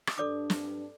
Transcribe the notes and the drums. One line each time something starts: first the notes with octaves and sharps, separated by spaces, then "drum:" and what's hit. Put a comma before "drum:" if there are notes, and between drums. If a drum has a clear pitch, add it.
drum: rim click
G2 D4 A4 D5 D6
drum: snare